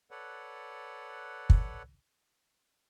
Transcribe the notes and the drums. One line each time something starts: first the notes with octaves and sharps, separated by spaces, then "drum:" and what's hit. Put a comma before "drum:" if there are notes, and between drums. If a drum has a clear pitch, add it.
A4 B4 C#5 D5 F#5
drum: kick